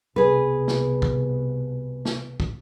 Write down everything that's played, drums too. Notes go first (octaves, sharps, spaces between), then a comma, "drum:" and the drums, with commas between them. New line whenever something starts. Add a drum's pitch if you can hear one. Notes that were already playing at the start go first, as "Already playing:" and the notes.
C2 B2 G#4 B4
drum: snare
drum: kick
drum: snare
drum: kick